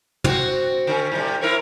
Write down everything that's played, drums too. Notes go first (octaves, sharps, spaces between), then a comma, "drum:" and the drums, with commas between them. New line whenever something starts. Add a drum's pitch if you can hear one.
C4 F#4, drum: tom
D3 C#4
A2 C3 G3
E4 A#4 C#5